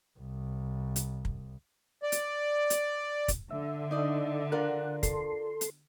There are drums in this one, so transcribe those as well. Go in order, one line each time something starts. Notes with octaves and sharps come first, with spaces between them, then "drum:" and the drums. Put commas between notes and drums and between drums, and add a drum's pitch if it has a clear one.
C2
drum: hi-hat
drum: kick
D5
drum: hi-hat
drum: hi-hat
drum: kick, hi-hat
D3 E5
D#4 D5 D#5
F4 A#4 D5 F#5
A4 C6, drum: kick, hi-hat
drum: hi-hat